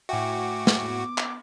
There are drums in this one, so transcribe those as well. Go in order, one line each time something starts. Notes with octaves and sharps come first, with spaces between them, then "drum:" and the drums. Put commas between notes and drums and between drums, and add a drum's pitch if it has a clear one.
A2 F#4 E5 G5 G#5 D6
drum: snare
B3
drum: clap